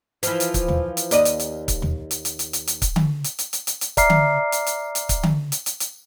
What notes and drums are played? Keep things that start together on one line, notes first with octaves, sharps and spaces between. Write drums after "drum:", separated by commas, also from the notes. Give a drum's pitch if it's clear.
E3 F3, drum: hi-hat
drum: hi-hat
drum: kick C#1, hi-hat
drum: tom
drum: hi-hat
D#2 D5 D#5, drum: hi-hat
drum: hi-hat
drum: hi-hat
drum: kick C#1, hi-hat
drum: tom
drum: hi-hat
drum: hi-hat
drum: hi-hat
drum: hi-hat
drum: hi-hat
drum: kick C#1, hi-hat
drum: tom D3
drum: hi-hat
drum: hi-hat
drum: hi-hat
drum: hi-hat
drum: hi-hat
D5 E5 A#5 D6 F6 C7, drum: kick C#1, hi-hat
drum: tom D3
drum: hi-hat
drum: hi-hat
drum: hi-hat
drum: kick C#1, hi-hat
drum: tom D3
drum: hi-hat
drum: hi-hat
drum: hi-hat